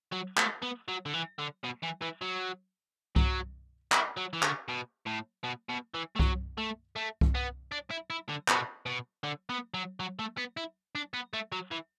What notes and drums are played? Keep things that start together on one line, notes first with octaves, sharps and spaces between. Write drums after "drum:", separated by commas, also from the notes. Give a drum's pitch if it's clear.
F#3
A3, drum: clap
B3
F#3
D3
E3
D3
B2
E3
E3
F#3
F#3, drum: kick C2
E4, drum: clap
F#3
E3
D3, drum: clap
B2
A2
B2
B2
E3
A3
F#3, drum: kick C2
A3
A3
drum: kick C2
B3
D4
E4
E4
D3
B2, drum: clap
B2
D3
B3
F#3
F#3
A3
B3
E4
D4
B3
A3
F#3
E3